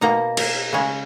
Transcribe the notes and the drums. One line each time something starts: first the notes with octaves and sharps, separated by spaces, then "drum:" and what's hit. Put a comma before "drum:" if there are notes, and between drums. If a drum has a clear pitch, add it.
B2 A#3 D#4 A#5
A#5, drum: cymbal
C#3 G#3 C#4